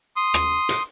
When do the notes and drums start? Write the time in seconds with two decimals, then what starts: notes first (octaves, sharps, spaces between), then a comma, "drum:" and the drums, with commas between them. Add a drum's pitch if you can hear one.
0.16 C6 D#6
0.34 drum: rim click
0.69 drum: hi-hat